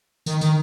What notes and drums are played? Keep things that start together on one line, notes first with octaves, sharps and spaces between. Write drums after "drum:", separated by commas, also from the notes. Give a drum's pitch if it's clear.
D#3, drum: tambourine
D#3, drum: tambourine